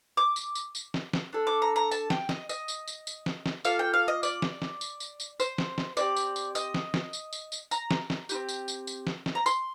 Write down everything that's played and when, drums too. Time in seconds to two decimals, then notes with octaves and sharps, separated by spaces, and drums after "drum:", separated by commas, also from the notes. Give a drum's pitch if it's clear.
0.17 D6
0.36 drum: tambourine
0.55 drum: tambourine
0.75 drum: tambourine
0.94 drum: snare
1.13 drum: snare
1.33 D4 A4
1.47 D6
1.62 A#5
1.76 A#5
1.91 A5, drum: tambourine
2.10 G5, drum: snare
2.29 D#5, drum: snare
2.49 D#5, drum: tambourine
2.68 drum: tambourine
2.88 drum: tambourine
3.07 drum: tambourine
3.26 drum: snare
3.46 drum: snare
3.64 A#3 F4 A4 F5, drum: tambourine
3.79 G5
3.94 F5
4.08 D#5
4.23 D5, drum: tambourine
4.42 drum: snare
4.62 drum: snare
4.81 drum: tambourine
5.00 drum: tambourine
5.20 drum: tambourine
5.40 C5, drum: tambourine
5.58 drum: snare
5.78 drum: snare
5.97 C4 G4 D5, drum: tambourine
6.16 drum: tambourine
6.36 drum: tambourine
6.55 D#5, drum: tambourine
6.74 drum: snare
6.94 drum: snare
7.13 drum: tambourine
7.33 drum: tambourine
7.52 drum: tambourine
7.71 A#5, drum: tambourine
7.91 drum: snare
8.10 drum: snare
8.29 D#4 G4, drum: tambourine
8.34 C4
8.49 drum: tambourine
8.68 drum: tambourine
8.87 drum: tambourine
9.07 drum: snare
9.26 drum: snare
9.35 A#5
9.46 C6, drum: tambourine